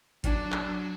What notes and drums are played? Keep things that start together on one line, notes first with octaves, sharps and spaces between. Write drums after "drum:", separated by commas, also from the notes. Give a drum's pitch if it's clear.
F#3 D4, drum: kick G#1, hi-hat
drum: clap